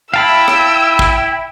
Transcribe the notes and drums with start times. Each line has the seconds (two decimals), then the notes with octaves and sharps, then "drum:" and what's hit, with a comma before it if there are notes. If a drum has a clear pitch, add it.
0.14 E4 F5 G5 A5 B5 E6
0.48 drum: rim click
0.99 drum: kick